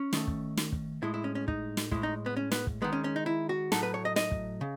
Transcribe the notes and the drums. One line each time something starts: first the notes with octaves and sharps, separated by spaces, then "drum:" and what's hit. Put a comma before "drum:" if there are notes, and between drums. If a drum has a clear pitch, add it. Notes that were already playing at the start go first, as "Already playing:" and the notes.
Already playing: C#4
D#3 A3, drum: snare
drum: kick
drum: snare
drum: kick
A2 G#3 E4
E4
C#4
C#4
D#4, drum: kick
drum: snare
A2 G#3 E4, drum: kick
D#4
B3
C#4
B3, drum: snare
drum: kick
D#3 G#3 B3
C#4
C#4
D#4
E4
F#4
A2 F#3 A3 A4, drum: snare
B4
C#5
D#5
D#5, drum: snare
drum: kick
C#3